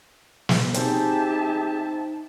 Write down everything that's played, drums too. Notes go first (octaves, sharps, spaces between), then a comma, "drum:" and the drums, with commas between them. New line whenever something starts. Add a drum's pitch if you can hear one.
drum: snare
C4 D#4 G4 G#4 E5 A5, drum: hi-hat